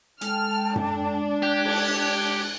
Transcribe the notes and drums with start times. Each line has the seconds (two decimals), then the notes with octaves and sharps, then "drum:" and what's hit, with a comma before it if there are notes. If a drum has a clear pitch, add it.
0.21 G#3 A4 G5 A5 F6, drum: hi-hat
0.76 D4, drum: tom F#2
1.42 G4 F#6 G#6
1.65 drum: cymbal